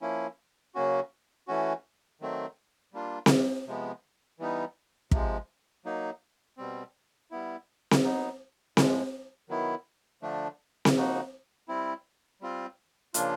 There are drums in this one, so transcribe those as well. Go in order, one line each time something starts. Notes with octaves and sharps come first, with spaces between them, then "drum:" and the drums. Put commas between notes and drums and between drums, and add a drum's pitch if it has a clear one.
F3 A#3 C#4 E4
C#3 F#3 A#3 C#4 F#4
E3 A3 C#4 F#4
D#3 F#3 A3 C4
G3 A#3 D4 F4
drum: snare C4
C3 F3 G#3 B3
E3 G3 B3 D#4
C3 F3 G#3, drum: kick
F#3 A#3 D#4
B2 G3 C4
G3 B3 E4
drum: snare C4
F#3 B3 D#4
A2 F3 G#3, drum: snare C4
D#3 F#3 B3 E4
D3 F3 A3 D4
drum: snare C4
C#3 F3 A#3 D#4 F#4
G3 C4 E4
G3 C4 F4
C#3 F3 A#3 D4 F4, drum: hi-hat